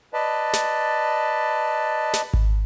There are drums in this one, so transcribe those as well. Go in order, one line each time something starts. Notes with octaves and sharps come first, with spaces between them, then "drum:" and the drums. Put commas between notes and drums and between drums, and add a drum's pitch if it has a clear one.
B4 D5 D#5 A5
drum: snare
drum: snare
drum: kick G#1